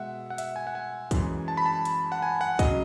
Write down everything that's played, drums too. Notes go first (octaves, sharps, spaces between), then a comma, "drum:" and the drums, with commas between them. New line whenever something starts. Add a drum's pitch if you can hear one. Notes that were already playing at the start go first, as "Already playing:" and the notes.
Already playing: B2 G#3 E5 F#5
F#5
E5, drum: hi-hat
G#5
F#5
G#5
F#2 E3 G#3, drum: kick, hi-hat
A5
B5
A5
drum: hi-hat
F#5
G#5
F#5
C#3 F#3 D#5, drum: kick, hi-hat